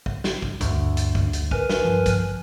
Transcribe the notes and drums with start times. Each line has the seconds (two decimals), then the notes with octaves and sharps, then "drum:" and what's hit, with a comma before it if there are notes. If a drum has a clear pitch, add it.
0.06 drum: kick
0.24 drum: snare
0.42 drum: kick
0.61 D2 G2, drum: kick, hi-hat
0.97 drum: hi-hat
1.15 drum: kick
1.33 drum: hi-hat
1.51 A#4 B4 G#5, drum: kick
1.70 drum: snare
1.85 G2 F3
2.06 drum: kick, hi-hat